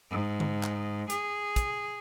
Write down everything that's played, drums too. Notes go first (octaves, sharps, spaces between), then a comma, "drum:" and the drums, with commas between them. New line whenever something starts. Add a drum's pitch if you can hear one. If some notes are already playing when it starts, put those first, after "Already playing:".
G#2
drum: tom D3
drum: clap
G#4, drum: hi-hat
drum: kick, hi-hat